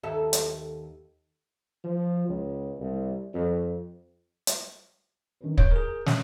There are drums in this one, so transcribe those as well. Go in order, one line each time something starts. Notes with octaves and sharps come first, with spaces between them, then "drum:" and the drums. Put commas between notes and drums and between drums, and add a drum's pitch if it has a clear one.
D#2 A4 E5
drum: hi-hat
F3
C#2
C2
F2
drum: hi-hat
D#3 C#4 B4
C#5 G6 D7, drum: kick
G#4 A#4
C#4, drum: snare